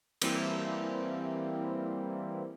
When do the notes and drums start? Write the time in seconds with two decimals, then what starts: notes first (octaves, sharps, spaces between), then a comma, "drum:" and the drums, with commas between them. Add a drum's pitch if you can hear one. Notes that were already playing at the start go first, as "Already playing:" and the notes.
0.22 E3 G3 A#3 C4 E4, drum: cymbal